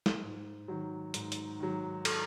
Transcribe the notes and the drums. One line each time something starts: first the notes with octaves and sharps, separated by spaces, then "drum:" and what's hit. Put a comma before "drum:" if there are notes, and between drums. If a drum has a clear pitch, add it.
drum: snare
G#2
D#3 F#3
G#2, drum: hi-hat
drum: hi-hat
D#3 F#3
A4, drum: cymbal